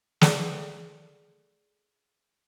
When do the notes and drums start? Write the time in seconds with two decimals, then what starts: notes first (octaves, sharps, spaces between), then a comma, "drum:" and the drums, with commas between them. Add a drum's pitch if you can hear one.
0.21 G#4 A4 B4 D5 G5, drum: snare